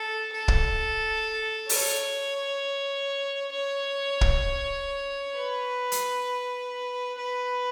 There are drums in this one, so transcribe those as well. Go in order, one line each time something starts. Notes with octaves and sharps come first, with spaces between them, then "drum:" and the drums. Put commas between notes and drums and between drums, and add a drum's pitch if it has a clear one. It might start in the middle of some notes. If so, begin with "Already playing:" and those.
Already playing: A4
A4
drum: kick
C#5, drum: open hi-hat
C#5
drum: kick
B4
drum: hi-hat
B4